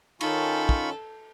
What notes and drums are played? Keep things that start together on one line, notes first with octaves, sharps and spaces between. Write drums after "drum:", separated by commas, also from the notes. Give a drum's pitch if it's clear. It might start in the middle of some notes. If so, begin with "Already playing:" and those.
D#3 C#4 D#4 F4 A4 B5 C#6, drum: cymbal
drum: kick